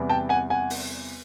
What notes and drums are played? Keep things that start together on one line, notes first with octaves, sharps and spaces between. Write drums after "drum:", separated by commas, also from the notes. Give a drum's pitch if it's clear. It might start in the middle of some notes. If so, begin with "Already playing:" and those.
Already playing: E2 C3 E3 G3 B3
G5 A5
F#5 G#5
F#5 G#5
drum: open hi-hat